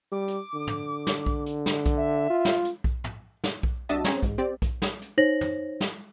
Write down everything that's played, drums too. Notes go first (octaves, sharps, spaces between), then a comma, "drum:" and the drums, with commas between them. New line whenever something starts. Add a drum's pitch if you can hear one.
G3 D6
drum: hi-hat
D3
drum: tom
drum: snare
drum: kick B1
drum: hi-hat
drum: snare
drum: kick B1, hi-hat
E5
F4
drum: snare
drum: hi-hat
drum: kick B1
drum: tom
drum: snare
drum: kick B1
C2 D4 F#4 D#5 E5 A5
C4 C#4 G#4 C#5 A#5, drum: snare
A1 G#2, drum: kick B1, hi-hat
C4 G4 D5
drum: kick B1, hi-hat
drum: snare
drum: hi-hat
D#4 C5 C#5 A#6 F#7
drum: tom
drum: snare